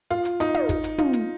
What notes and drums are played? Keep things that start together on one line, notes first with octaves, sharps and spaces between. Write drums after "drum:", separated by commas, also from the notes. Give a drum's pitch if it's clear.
F4
drum: hi-hat
D#4, drum: hi-hat
drum: tom
drum: kick, hi-hat
drum: hi-hat
F4, drum: tom
drum: hi-hat